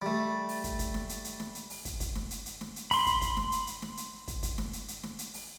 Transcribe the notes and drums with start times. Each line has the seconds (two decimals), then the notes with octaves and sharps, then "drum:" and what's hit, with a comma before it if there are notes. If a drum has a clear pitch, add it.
0.02 G3 A3
0.49 drum: open hi-hat
0.64 drum: kick, hi-hat
0.79 drum: kick, hi-hat
0.94 drum: snare
1.09 drum: hi-hat
1.24 drum: hi-hat
1.40 drum: snare
1.55 drum: hi-hat
1.70 drum: open hi-hat
1.85 drum: kick, hi-hat
2.00 drum: kick, hi-hat
2.15 drum: snare
2.31 drum: hi-hat
2.46 drum: hi-hat
2.61 drum: snare
2.76 drum: hi-hat
2.91 B5 C6, drum: open hi-hat
3.06 drum: kick, hi-hat
3.21 drum: kick, hi-hat
3.37 drum: snare
3.52 drum: hi-hat
3.67 drum: hi-hat
3.82 drum: snare
3.97 drum: hi-hat
4.28 drum: kick, hi-hat
4.43 drum: kick, hi-hat
4.58 drum: snare
4.73 drum: hi-hat
4.88 drum: hi-hat
5.03 drum: snare
5.19 drum: hi-hat
5.34 drum: open hi-hat